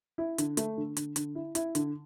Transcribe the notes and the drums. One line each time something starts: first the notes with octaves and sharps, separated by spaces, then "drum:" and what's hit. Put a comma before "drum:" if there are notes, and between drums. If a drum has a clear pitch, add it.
E4
D3, drum: hi-hat
A3, drum: hi-hat
D3
D3, drum: hi-hat
D3, drum: hi-hat
E4
E4, drum: hi-hat
D3, drum: hi-hat